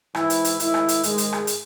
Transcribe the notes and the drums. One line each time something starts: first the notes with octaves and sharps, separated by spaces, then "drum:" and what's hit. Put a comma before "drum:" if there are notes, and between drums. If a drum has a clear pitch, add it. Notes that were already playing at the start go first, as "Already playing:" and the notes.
G#2 E3 E4, drum: rim click
drum: hi-hat
drum: hi-hat
G#2 D#3 E4, drum: hi-hat
drum: rim click
drum: hi-hat
G#2 D#3 G#3, drum: hi-hat
drum: hi-hat
drum: rim click
drum: hi-hat